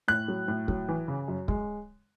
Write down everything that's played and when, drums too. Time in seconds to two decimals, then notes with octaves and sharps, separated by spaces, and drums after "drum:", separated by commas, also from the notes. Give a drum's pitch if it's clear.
0.08 A2 F#6
0.28 F#3
0.48 A2
0.68 F#3, drum: kick
0.89 E3
1.08 C#3
1.28 F#2
1.48 G#3, drum: kick